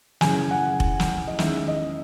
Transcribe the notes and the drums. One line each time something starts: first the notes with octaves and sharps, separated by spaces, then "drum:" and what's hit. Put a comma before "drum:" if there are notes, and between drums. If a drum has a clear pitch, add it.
F#2 C#3 E3 G#5, drum: snare
F#5
drum: kick F1
drum: snare
D#5
E2 D#3 G#3 C#4 E5, drum: snare
D#5